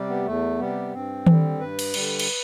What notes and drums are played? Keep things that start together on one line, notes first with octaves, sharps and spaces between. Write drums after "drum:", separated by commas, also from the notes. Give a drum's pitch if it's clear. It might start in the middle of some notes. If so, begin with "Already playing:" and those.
Already playing: C3 G3
B3
E2 A3
C3 G3 B3
G2 C4
D3 G3, drum: tom D#3
G2 B4
drum: cymbal
D3 G3, drum: cymbal
drum: cymbal